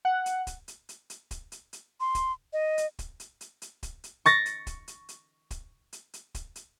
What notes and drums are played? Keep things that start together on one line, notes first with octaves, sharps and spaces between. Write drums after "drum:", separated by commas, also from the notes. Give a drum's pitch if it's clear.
F#5
drum: hi-hat
drum: kick, hi-hat
drum: hi-hat
drum: hi-hat
drum: hi-hat
drum: kick, hi-hat
drum: hi-hat
drum: hi-hat
C6
drum: kick, hi-hat
D#5
drum: hi-hat
drum: kick, hi-hat
drum: hi-hat
drum: hi-hat
drum: hi-hat
drum: kick, hi-hat
drum: hi-hat
C#6 A6 A#6, drum: hi-hat
drum: hi-hat
drum: kick, hi-hat
drum: hi-hat
drum: hi-hat
drum: kick, hi-hat
drum: hi-hat
drum: hi-hat
drum: kick, hi-hat
drum: hi-hat